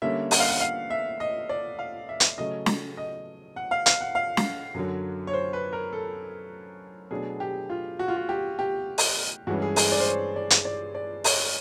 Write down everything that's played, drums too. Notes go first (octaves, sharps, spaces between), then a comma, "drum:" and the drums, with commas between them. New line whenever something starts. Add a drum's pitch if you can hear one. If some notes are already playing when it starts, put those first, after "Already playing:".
D3 G3 A#3 C#4 E5
F#5, drum: open hi-hat
F5
F#5
F5
E5
D#5
D5
F5
E5
drum: hi-hat
C#3 F#3 A3 C#4 D#5
drum: snare
D#5
F#5
F5
F5, drum: hi-hat
F#5
F5
drum: snare
F#2 D3 F#3
C#5
C5
B4
A#4
A4
B2 F#3 A3 D4 G#4
G4
F4
F#4
F4
F#4
G4
G4
drum: open hi-hat
G2 E3 G#3 C#4 F#4
G#4
G#4, drum: open hi-hat
D5
C5
C#5
D5
drum: hi-hat
D5
D5
C#5, drum: open hi-hat